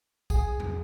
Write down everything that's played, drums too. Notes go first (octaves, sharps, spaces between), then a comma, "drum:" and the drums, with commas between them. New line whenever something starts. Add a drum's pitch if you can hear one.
G#4, drum: kick, tambourine
drum: tom